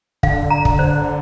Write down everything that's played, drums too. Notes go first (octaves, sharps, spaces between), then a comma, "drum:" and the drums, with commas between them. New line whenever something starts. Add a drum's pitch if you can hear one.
D3 F5, drum: kick
A#5
drum: kick
C5